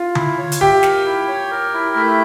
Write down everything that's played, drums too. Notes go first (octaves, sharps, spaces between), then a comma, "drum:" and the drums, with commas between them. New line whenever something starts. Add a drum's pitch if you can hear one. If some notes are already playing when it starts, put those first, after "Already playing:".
Already playing: F4
E4, drum: tom D3
C#5
drum: hi-hat
G4 E5
A#4, drum: snare
E4
C#5
A#4
E4
A3